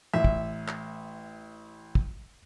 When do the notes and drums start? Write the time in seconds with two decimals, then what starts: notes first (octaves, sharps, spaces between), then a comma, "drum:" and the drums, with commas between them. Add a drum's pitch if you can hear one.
0.14 A1 E5
0.24 drum: kick
0.68 drum: clap
1.95 drum: kick